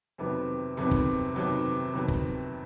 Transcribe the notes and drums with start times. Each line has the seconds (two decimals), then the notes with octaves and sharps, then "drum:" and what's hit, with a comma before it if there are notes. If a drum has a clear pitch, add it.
0.18 F2 C3 D#3 F#3 B3
0.77 F2 C3 D#3 F#3 B3
0.91 drum: kick
1.35 F2 C3 D#3 F#3 B3
1.94 F2 C3 D#3 F#3 B3
2.08 drum: kick